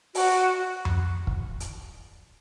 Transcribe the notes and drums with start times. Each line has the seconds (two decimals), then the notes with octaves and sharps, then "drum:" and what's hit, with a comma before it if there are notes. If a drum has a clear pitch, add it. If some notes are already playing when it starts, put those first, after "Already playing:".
0.15 F#4, drum: open hi-hat
0.85 drum: tom F2
1.27 drum: kick
1.60 drum: hi-hat